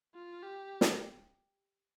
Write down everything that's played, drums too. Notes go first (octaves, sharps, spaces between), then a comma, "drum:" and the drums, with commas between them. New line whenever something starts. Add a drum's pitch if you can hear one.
F4
G4
drum: snare